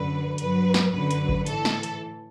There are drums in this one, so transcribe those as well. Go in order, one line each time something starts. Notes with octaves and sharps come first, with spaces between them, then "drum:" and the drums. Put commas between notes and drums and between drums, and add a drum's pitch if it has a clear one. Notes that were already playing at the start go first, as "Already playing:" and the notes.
Already playing: F#2 D3 F#3 B4
G2 F#3 B4, drum: hi-hat
drum: snare
F#2 D3 F#3 B4
drum: hi-hat
drum: kick G#1
A2 E3 A4, drum: hi-hat
drum: snare
drum: hi-hat